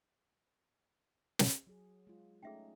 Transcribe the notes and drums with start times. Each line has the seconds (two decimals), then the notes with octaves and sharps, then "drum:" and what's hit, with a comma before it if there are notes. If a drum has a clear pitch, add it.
1.39 drum: snare
1.67 F#3 G#4
2.07 G#3 F4
2.43 A3 C#4 D#4 G#4 E5 G5